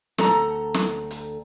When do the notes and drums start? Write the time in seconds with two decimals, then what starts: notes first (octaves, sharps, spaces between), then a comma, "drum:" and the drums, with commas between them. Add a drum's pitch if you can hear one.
0.18 D2 A4 A#5, drum: snare
0.74 drum: snare
1.11 drum: hi-hat